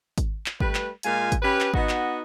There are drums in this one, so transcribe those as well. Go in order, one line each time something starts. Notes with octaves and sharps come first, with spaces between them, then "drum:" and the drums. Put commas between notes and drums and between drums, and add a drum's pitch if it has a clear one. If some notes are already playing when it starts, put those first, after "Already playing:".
drum: kick G#1, hi-hat
drum: clap
G3 A3 B4, drum: kick G#1
drum: clap
A#2 G#3 F4 F5 G#5, drum: hi-hat
drum: kick G#1, hi-hat
C#4 G4 B4
drum: clap
B3 D#4 F#4 D#5, drum: kick G#1
drum: clap